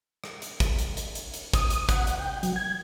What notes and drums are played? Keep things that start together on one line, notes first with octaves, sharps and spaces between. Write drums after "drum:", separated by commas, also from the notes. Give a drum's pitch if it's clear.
drum: rim click
drum: hi-hat
drum: kick, hi-hat
drum: hi-hat
drum: hi-hat
drum: hi-hat
drum: hi-hat
D#6, drum: kick, hi-hat
drum: hi-hat
F#5, drum: kick, hi-hat
drum: hi-hat
G5
F#3, drum: hi-hat
G#6